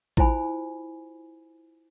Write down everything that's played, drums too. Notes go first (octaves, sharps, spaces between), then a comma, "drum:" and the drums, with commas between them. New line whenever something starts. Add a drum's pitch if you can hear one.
E4 F4 C5 G#5 B5, drum: kick A1